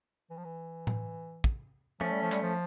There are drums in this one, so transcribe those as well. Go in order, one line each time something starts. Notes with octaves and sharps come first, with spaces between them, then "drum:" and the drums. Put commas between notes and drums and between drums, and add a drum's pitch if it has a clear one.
E3
F3
E3
drum: tom A2
drum: kick
F3 A3 C#4
G3
F3
G3, drum: clap
F3